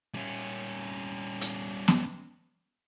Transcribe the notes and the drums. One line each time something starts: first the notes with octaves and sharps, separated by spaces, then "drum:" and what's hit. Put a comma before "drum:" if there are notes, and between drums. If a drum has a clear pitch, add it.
G3 C#4
drum: hi-hat
drum: snare B3